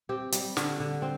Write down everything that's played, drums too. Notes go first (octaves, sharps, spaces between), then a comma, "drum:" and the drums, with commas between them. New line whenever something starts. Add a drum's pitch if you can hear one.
C4 G4
G3, drum: hi-hat
D3, drum: snare
D3
C4